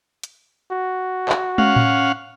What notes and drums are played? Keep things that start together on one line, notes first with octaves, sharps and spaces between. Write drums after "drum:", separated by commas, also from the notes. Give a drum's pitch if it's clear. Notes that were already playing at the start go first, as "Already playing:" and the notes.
drum: hi-hat
F#4
drum: clap
C#4 F5 F#5, drum: tom
drum: tom A2